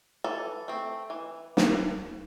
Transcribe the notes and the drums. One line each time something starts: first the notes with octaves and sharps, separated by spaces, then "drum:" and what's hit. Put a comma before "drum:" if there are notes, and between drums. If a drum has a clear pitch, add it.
E3 A4
A3 C4
E3
drum: snare